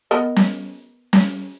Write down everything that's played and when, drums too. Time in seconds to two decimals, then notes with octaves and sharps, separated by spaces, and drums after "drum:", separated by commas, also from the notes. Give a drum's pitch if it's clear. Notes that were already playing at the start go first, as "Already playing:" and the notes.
0.11 B3 A#4 D#5
0.36 drum: snare
1.13 drum: snare